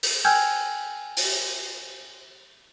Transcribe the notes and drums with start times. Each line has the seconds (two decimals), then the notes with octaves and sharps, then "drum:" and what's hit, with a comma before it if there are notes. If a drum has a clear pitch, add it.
0.03 drum: open hi-hat
0.24 G5 G#5 E6 F6 G6 G#6
1.17 drum: open hi-hat